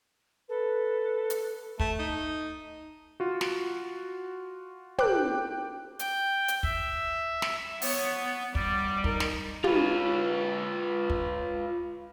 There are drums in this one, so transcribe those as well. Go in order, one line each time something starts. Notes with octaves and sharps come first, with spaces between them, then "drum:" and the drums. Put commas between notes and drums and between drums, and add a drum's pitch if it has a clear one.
A4 B4
drum: hi-hat
A3, drum: kick
D#4
F4 F#4
drum: snare
G5 D6 F#6, drum: tom
G5, drum: hi-hat
drum: hi-hat
E5, drum: kick
drum: snare
B3 C#5, drum: open hi-hat
G3 D5, drum: kick
D#4 A#4, drum: kick
drum: snare
F4 B4, drum: tom
drum: kick